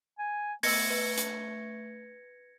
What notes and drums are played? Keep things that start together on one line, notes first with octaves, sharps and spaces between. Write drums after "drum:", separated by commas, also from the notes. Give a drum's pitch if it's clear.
G#5
A3 B3 D#5 E6 G#6 A#6 C#7, drum: open hi-hat
B4
drum: hi-hat